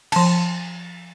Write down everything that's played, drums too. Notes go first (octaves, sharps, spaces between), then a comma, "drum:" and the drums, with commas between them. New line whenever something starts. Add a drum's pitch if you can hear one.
F3 A5, drum: cymbal